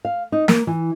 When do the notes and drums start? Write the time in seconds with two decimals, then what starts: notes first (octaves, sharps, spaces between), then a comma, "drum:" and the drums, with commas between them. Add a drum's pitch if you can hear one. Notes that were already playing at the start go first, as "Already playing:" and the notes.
0.05 F5
0.32 D#4
0.48 A#3, drum: snare
0.67 E3